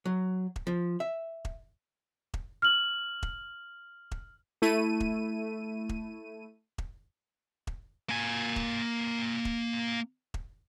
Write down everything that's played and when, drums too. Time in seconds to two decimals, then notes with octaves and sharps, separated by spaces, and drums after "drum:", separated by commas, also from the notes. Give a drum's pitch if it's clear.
0.05 F#3
0.56 drum: kick E1
0.67 F3
1.00 E5
1.45 drum: kick E1
2.34 drum: kick E1
2.62 F6 F#7
3.23 drum: kick E1
4.11 drum: kick E1
4.62 A3 E4 D#7
5.00 drum: kick E1
5.89 drum: kick E1
6.78 drum: kick E1
7.67 drum: kick E1
8.09 A#3 G#5
8.56 drum: kick E1
9.45 drum: kick E1
10.34 drum: kick E1